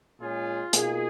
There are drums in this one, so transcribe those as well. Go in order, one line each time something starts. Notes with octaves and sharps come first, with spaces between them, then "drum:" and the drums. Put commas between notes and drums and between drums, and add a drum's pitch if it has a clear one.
A#2 G#3 C#4 F4 G#4
B2 A#3 D#4 F4 G#4, drum: hi-hat